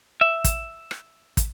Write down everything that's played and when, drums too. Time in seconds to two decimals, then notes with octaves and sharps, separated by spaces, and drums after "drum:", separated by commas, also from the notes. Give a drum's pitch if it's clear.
0.21 E5
0.44 drum: kick, hi-hat
0.91 drum: rim click
1.37 drum: kick, hi-hat